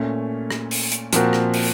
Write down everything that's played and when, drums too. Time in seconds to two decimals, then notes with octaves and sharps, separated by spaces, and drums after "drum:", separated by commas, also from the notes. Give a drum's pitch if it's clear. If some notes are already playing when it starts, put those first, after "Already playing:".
Already playing: A#2 A3 C#4
0.51 drum: rim click
0.71 drum: open hi-hat
0.92 drum: hi-hat
1.13 A#2 F3 C4 F#4 A#4, drum: hi-hat
1.33 drum: rim click
1.54 drum: open hi-hat